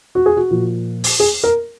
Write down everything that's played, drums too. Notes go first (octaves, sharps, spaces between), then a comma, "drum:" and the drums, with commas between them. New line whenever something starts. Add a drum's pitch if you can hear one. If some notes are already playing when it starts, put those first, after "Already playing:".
F#4
G#4
F#4
A#2 F3
drum: open hi-hat
G#4
A#4